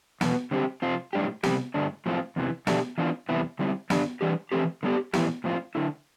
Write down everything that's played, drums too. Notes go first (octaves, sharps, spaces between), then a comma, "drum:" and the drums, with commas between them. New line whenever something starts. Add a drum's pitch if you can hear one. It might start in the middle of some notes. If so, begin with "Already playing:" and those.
E2 B2 B3, drum: snare
D3 G3 C4 G4
C3 F3 C4 F4
A2 G3 D4 G4
C3 G3 C4 G4, drum: snare
G2 D3 A3 D4
A2 F3 C4 F4
E2 C3 E3
B2 A3 D4 G4, drum: snare
E3 B3 D4 F4
E2 C3 G3 B3 E4
D3 G3 C4 E4
G2 D3 G3 D4, drum: snare
E3 G3 D4 G4
E3 A3 C4 G4
D3 G3 B3 D4 G4
A2 E3 B3 E4 G4, drum: snare
A2 F3 C4 F4
D3 A3 E4